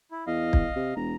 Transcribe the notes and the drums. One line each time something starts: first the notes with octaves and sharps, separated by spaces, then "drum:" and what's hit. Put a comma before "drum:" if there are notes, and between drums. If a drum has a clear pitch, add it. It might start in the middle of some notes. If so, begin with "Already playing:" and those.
E4
E2 D#5 F5
drum: kick
C3
E1 A#5